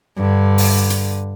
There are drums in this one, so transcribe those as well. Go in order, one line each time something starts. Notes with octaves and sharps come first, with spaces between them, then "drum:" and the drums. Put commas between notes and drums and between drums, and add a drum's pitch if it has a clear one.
G2 D3
drum: open hi-hat
drum: hi-hat